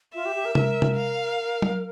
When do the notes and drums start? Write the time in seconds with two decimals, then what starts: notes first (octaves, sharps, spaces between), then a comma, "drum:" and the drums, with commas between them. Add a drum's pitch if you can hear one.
0.15 F4 E5
0.25 G4
0.36 G4
0.45 A#4
0.55 A#4, drum: tom C3
0.82 drum: tom C3
0.96 F5
1.62 drum: tom F#3